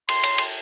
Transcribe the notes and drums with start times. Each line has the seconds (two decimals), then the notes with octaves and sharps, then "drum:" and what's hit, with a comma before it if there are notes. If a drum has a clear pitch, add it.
0.09 C6, drum: cymbal
0.24 drum: cymbal
0.38 drum: cymbal